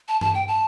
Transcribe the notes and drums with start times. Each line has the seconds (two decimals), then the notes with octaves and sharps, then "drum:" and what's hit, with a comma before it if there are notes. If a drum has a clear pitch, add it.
0.08 A5
0.21 A5, drum: tom G2
0.34 G5
0.48 A5